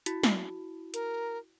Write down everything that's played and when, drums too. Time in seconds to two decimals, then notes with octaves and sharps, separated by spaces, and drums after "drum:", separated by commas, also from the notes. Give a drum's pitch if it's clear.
0.06 E4 F#4, drum: hi-hat
0.23 drum: snare
0.94 A#4, drum: hi-hat